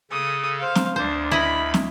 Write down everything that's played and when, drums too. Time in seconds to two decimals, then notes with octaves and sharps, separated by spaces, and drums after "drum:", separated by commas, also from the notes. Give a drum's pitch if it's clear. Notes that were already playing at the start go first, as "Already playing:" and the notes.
0.11 C#3 A4 D#6
0.59 C5 F5
0.75 drum: snare
0.96 D2 D4 C5
1.31 E4 D#5 B5
1.74 drum: snare